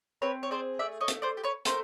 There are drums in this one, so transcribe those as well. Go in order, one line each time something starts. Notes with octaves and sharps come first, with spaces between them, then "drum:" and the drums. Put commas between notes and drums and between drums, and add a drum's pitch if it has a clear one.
C4 B4 C#5
C#5
G#4 C5 D5
A3 D5 E5
C#5 D#5
A3, drum: hi-hat
C5 D5
G4
B4 C#5
A3 A#4 C5, drum: hi-hat